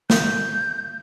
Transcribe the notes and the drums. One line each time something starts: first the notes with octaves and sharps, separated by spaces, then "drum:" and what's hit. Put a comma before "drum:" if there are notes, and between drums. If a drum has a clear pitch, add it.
G6, drum: snare